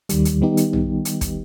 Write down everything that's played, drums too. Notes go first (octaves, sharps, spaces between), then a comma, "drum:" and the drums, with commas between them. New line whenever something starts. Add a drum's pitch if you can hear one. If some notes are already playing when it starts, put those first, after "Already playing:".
D#2 D#3 G3, drum: hi-hat
drum: hi-hat
D#3 G3 B3 D#4 G4
drum: hi-hat
drum: tom
drum: hi-hat
drum: kick, hi-hat